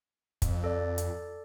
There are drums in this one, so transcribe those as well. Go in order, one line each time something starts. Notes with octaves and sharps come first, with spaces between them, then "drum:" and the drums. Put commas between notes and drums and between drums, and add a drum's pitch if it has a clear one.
F2, drum: kick, hi-hat
A4 D5
drum: hi-hat